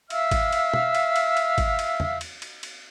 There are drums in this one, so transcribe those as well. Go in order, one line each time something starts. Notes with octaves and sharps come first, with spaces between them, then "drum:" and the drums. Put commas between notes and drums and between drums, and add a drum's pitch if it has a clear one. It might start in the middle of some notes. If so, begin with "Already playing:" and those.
E5 F5 E6 F6, drum: cymbal
drum: kick, cymbal
drum: cymbal
drum: tom
drum: cymbal
drum: cymbal
drum: cymbal
drum: kick, cymbal
drum: cymbal
drum: tom
drum: cymbal
drum: cymbal
drum: cymbal